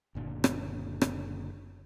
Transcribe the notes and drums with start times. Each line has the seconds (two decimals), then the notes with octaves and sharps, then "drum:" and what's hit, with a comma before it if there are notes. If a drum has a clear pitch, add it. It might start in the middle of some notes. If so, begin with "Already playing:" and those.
0.15 F#1 A#2 D3
0.44 drum: rim click
1.01 drum: rim click